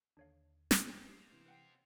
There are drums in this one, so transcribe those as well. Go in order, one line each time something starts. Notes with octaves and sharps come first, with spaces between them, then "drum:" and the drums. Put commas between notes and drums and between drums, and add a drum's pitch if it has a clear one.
D#2 D3 D4 C#5 F5
drum: snare
C#3 E3 G5 G#5 C6
C4 F4 G4 G#6
C3 E3
B4 F#5 G5